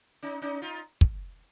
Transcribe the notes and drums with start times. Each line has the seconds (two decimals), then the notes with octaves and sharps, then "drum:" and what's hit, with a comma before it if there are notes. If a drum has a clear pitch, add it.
0.23 C#4 D#4
0.42 C#4 D#4
0.62 D#4 F4
1.01 drum: kick